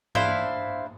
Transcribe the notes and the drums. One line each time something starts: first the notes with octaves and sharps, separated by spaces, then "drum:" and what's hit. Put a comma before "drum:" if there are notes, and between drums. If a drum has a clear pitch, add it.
D4 E4 C5 F5, drum: tom G2